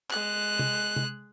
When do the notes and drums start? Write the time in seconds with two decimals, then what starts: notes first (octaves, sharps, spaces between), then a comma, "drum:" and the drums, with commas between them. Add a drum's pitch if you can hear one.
0.11 G#3 F#6, drum: clap
0.59 drum: tom C3
0.96 drum: tom C3